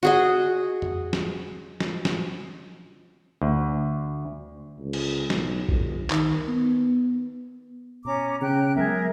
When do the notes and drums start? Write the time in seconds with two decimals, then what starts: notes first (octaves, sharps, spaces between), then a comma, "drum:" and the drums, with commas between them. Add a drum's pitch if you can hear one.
0.03 F#4 G#4 D#5
0.82 drum: tom F2
1.13 drum: snare
1.80 drum: snare
2.05 drum: snare
3.42 D2
4.79 C#2
4.93 drum: cymbal
5.30 B1, drum: snare
5.69 G1, drum: kick A#1
6.10 D#3, drum: clap
6.48 B3
8.05 B2 C#4 A#5 D6
8.41 C#3 G5 F#6
8.76 F#3 G#3 B3 G#4 A#4 E5